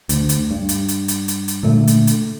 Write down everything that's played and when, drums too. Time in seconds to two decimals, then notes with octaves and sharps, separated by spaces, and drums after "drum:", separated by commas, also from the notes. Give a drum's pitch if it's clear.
0.09 D2, drum: hi-hat
0.29 drum: hi-hat
0.51 G2
0.69 drum: hi-hat
0.88 drum: hi-hat
1.08 drum: hi-hat
1.28 drum: hi-hat
1.48 drum: hi-hat
1.63 A#2 D3 A3
1.87 drum: hi-hat
2.07 drum: hi-hat